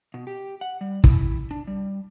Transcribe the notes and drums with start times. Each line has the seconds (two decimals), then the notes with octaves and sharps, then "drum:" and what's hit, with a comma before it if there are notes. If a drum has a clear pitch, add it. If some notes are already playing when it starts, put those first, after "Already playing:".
0.14 B2
0.27 G4
0.61 F#5
0.81 G3
1.04 E4, drum: kick
1.51 D4
1.67 G3